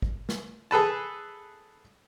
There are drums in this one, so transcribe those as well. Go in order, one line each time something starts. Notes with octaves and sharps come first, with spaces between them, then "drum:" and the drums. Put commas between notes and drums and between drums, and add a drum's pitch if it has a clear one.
drum: kick
drum: snare
G#4 A4 B4 A5